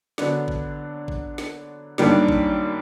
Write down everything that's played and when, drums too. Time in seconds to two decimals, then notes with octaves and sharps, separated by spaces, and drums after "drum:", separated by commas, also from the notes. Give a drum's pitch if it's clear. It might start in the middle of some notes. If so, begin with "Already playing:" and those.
0.18 D3 F#3 B3 D4, drum: snare
0.48 drum: kick A1
1.08 drum: kick A1
1.38 drum: snare
1.98 F#2 D#3 G3 A#3 D4, drum: snare
2.28 drum: kick A1